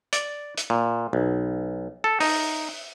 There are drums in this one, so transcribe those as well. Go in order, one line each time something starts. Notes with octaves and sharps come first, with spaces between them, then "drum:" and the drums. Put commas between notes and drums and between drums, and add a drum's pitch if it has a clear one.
D5, drum: hi-hat
drum: hi-hat
A#2
B1
A4
D#4, drum: open hi-hat